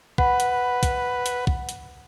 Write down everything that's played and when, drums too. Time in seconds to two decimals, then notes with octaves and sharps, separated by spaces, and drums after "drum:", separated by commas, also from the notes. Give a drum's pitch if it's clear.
0.18 B4 F#5 B5, drum: kick
0.40 drum: hi-hat
0.83 drum: kick, hi-hat
1.26 drum: hi-hat
1.47 drum: kick
1.69 drum: hi-hat